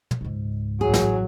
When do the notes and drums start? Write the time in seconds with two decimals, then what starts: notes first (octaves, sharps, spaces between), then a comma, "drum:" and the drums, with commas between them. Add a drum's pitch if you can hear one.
0.11 drum: tom
0.21 C#2 G#2
0.81 A1 F#3 G#4
0.94 drum: snare